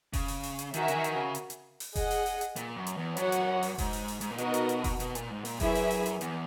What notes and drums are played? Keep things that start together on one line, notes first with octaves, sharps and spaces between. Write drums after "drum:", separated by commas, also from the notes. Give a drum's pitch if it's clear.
C#3, drum: kick F1, open hi-hat
drum: open hi-hat
drum: open hi-hat
drum: hi-hat
D#3 F#4 A#4 E5 G#5, drum: hi-hat
C#3, drum: hi-hat
D#3
drum: hi-hat
C#3
drum: hi-hat
drum: hi-hat
drum: open hi-hat
G#4 D#5 F#5, drum: kick F1, open hi-hat
drum: open hi-hat
drum: open hi-hat
drum: hi-hat
A#2, drum: hi-hat
F#2
drum: hi-hat
E2
F#2 F#4 C#5 F#5, drum: hi-hat
drum: hi-hat
drum: open hi-hat
G#2, drum: kick F1, open hi-hat
drum: open hi-hat
drum: open hi-hat
G#2, drum: hi-hat
A#2
B2 B3 D#4 F#4 A#4 D#5, drum: hi-hat
drum: hi-hat
drum: hi-hat
drum: kick F1, open hi-hat
B2, drum: hi-hat
A#2, drum: hi-hat
G#2
A#2, drum: open hi-hat
F#2 E4 G#4 B4 E5 G#5, drum: kick F1, open hi-hat
drum: open hi-hat
drum: open hi-hat
drum: hi-hat
E2, drum: hi-hat